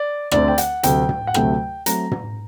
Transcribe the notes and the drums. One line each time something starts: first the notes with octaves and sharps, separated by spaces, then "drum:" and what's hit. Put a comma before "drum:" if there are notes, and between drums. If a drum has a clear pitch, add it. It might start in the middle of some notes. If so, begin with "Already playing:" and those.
Already playing: D5
D2 D3 A3 C4 D5, drum: rim click
G5
F#5, drum: hi-hat
D2 C3 F#3 A3 G5, drum: hi-hat
drum: tom
F#5
D2 C3 F#3 A3 G5, drum: rim click
F#3 A3 C4 A#5, drum: hi-hat
drum: tom